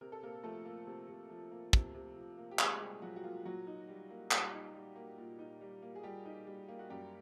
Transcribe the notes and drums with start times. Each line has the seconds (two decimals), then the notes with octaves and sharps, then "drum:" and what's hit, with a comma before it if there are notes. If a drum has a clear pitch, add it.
0.01 C3 A#4
0.12 A4
0.22 C3 A#3 A#4
0.44 F3 A3 A4
0.65 A#3
0.87 C3
1.09 C3
1.30 F3
1.51 A#3
1.73 C3, drum: kick
1.94 C3
2.16 F3
2.38 A#3
2.51 G4
2.59 C3 G#3 G#4, drum: clap
2.80 C3 G3 G4
3.02 F3 F#3 F#4
3.16 F#4
3.24 A#3 F4
3.45 A#2 F#3 F#4
3.67 D#4
3.88 G3
4.10 A#3
4.31 A#2 G3 G4, drum: clap
4.53 D#4
4.75 G3
4.96 A#3
5.18 A#2
5.39 D#4
5.61 G3
5.82 A#3
5.95 G#4
6.03 A#2 G3 G4
6.25 D#4
6.47 G3
6.68 A#3
6.79 F#4
6.90 F#2 G3 G4